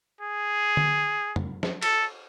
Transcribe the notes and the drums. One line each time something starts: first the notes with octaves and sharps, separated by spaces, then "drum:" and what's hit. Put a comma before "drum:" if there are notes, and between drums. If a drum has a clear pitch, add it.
G#4
drum: tom D3
drum: tom
drum: snare
A4, drum: cymbal